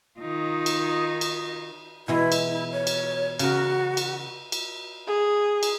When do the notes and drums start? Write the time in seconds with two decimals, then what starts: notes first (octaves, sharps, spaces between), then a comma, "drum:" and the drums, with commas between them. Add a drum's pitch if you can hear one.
0.20 D#3 D#4 F4
0.66 drum: cymbal
1.21 drum: cymbal
2.08 B2 E3 G#3 E4
2.32 drum: cymbal
2.50 E4
2.72 C#5
2.87 drum: cymbal
3.39 C#3 F#4 A#4, drum: cymbal
3.97 drum: cymbal
4.52 drum: cymbal
5.07 G#4
5.63 drum: cymbal